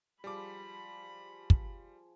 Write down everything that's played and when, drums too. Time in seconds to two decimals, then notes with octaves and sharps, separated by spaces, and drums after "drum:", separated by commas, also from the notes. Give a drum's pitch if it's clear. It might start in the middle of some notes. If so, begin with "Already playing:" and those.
0.24 F3 G3 G#4 B5 D6
1.50 drum: kick